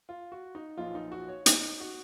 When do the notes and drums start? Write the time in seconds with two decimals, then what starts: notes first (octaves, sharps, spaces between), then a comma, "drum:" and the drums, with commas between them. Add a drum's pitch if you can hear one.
0.09 F4
0.32 F#4
0.55 D#4
0.77 B1 A#2 F3 F4
0.95 D#4
1.12 F#4
1.29 C#5
1.46 D#4, drum: hi-hat
1.80 F#4